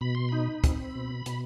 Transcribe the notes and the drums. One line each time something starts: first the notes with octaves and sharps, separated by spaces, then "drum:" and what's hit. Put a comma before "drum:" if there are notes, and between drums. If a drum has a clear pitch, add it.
B2 B5
C6
D#4 B5
C4, drum: kick C#2, hi-hat
B2
B2, drum: hi-hat